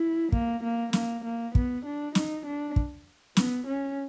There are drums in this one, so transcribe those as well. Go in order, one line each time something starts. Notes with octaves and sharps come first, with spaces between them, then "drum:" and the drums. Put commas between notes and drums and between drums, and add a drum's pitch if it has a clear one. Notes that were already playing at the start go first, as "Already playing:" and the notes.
Already playing: E4
A#3, drum: kick
A#3
A#3, drum: snare
A#3
B3, drum: kick
D4
D#4, drum: snare
D4
drum: kick
B3, drum: snare
C#4